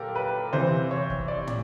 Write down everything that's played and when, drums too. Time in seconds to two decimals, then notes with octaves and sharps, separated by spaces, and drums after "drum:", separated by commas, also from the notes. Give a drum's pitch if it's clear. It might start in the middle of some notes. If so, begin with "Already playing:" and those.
Already playing: A#2 G4 A4 A#4
0.15 B4
0.53 C3 E3 C5
0.91 C#5
1.10 drum: kick
1.28 D5
1.47 drum: tom